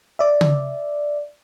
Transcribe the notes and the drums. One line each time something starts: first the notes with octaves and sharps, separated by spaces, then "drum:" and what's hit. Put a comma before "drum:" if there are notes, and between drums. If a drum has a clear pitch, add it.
D5 E5
drum: tom C#3